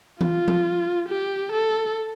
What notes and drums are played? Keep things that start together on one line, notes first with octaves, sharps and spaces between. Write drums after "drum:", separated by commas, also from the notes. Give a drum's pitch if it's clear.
F4, drum: tom E3
drum: tom F3
G4
A4